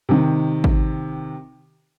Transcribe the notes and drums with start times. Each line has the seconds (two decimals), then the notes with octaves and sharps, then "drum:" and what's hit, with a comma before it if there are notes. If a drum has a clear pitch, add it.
0.09 C3 D#3
0.64 drum: kick